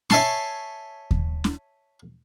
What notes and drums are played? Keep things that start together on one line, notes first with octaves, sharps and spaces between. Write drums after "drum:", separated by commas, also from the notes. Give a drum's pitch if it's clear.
C#5 E5 G#5 A5 C6 C#6, drum: snare
drum: kick D#2
drum: snare